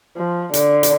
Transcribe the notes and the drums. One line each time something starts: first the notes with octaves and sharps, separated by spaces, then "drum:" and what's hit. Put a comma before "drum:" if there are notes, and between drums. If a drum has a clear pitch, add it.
F3
D3, drum: hi-hat
drum: hi-hat